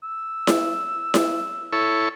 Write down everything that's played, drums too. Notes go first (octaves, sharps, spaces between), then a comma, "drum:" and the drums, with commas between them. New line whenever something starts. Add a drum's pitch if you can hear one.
E6
drum: snare E4
drum: snare E4
E4 A4 C#5